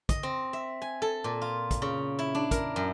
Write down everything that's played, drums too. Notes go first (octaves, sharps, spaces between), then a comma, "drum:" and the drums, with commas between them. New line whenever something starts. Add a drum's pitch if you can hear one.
D#5, drum: kick, hi-hat
C4
E5
G#5
A4
A#2
F4
drum: kick, hi-hat
C#3
E4
D4
A#4, drum: kick, hi-hat
F#2